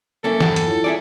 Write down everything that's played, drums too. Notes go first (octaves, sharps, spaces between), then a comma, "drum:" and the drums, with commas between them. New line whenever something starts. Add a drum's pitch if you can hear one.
F#3 G3 A#3 C#4 E4 A4
E2 G2 E3, drum: snare
drum: hi-hat
E4 F4 C#5
G3 E4 G#4 D5 G#5 A#5